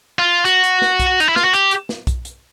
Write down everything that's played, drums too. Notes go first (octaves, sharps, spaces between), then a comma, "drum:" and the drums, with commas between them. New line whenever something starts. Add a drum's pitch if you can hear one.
F4
F#4, drum: hi-hat
drum: hi-hat
drum: snare
drum: kick B1, hi-hat
D#4, drum: hi-hat
E4
F4, drum: snare
F#4
G4, drum: hi-hat
drum: hi-hat
drum: snare
drum: kick B1, hi-hat
drum: hi-hat